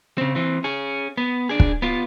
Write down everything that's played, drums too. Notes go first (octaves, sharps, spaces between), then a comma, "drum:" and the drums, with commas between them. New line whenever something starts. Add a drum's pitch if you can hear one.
C#3 C4
E3 C4
C#4 G#4
B3
D4 G#4
drum: kick
B3 F4